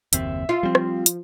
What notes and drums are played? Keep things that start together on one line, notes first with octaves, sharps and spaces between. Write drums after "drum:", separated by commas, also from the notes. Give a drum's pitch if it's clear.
F#1 D#2 C4 E5, drum: hi-hat
F4
F3 G3 C4
drum: rim click
drum: hi-hat